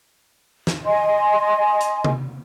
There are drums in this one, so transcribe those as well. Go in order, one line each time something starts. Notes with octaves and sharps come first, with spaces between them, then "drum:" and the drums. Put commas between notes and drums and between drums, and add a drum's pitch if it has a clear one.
drum: snare
D#5 G#5 C6
drum: hi-hat
drum: tom C3